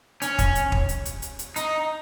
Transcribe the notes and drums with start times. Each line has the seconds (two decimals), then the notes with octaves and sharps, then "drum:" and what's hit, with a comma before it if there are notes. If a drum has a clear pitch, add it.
0.22 C#4, drum: hi-hat
0.39 drum: kick, hi-hat
0.55 drum: hi-hat
0.72 drum: kick
0.89 drum: hi-hat
1.05 drum: hi-hat
1.22 drum: hi-hat
1.39 drum: hi-hat
1.56 D#4, drum: hi-hat